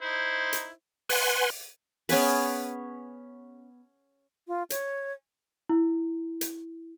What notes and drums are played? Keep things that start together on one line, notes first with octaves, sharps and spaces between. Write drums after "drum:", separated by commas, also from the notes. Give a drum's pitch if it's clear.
D#4 E4 C5
drum: hi-hat
B4 F#5 G#5 C6, drum: open hi-hat
B3 C#4 G#4 B4, drum: open hi-hat
F4
C#5, drum: hi-hat
E4
drum: hi-hat